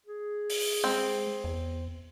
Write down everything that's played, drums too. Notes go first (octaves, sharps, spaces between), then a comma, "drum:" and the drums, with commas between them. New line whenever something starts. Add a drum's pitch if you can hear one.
G#4
drum: open hi-hat
G#3 C4
E2